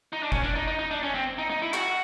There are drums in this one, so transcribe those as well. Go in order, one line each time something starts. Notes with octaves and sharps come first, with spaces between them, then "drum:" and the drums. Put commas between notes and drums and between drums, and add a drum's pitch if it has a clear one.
D#4
D4
C#4, drum: kick
D4
D#4
D#4
D#4
D4
C#4
C4
D#4
D#4
E4
F#4, drum: clap